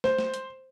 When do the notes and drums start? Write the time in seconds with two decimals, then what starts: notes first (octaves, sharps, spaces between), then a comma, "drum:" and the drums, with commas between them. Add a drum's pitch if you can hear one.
0.04 C5, drum: snare
0.18 drum: snare
0.34 drum: hi-hat